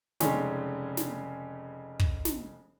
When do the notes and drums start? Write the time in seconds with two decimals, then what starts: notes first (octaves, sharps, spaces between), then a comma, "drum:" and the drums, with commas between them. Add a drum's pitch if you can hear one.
0.20 F1 C#3 G#3 C#4 D#4, drum: snare
0.97 drum: snare
1.99 drum: kick
2.25 drum: snare